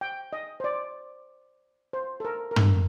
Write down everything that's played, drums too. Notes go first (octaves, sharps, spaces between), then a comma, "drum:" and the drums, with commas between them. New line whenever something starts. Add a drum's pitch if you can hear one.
G5
D#5
C5
D5
C5
A4
A#4
A#4
A4, drum: tom